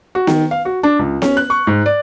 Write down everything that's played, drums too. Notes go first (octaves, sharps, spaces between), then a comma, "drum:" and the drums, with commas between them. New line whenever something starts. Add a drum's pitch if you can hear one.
F#4
D#3, drum: snare B3
F5
F#4
D4
C#2
C#4, drum: snare B3
F#6
C#6
G#2
D5